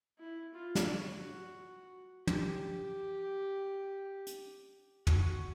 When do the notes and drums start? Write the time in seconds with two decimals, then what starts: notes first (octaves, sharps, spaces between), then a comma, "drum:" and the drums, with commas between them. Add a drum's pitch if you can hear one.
0.18 E4
0.53 F4
0.75 drum: snare
0.89 F#4
2.27 G4, drum: tom
4.27 drum: hi-hat
5.07 F#4, drum: tom